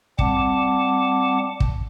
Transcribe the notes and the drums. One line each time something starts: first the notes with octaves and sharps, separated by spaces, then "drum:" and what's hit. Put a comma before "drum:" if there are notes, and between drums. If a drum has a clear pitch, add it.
G3 C4 F#5 A5 D6, drum: kick
drum: kick